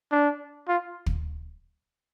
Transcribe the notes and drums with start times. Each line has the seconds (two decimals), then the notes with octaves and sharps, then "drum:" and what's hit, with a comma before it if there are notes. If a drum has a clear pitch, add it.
0.12 D4
0.68 F4
1.06 drum: kick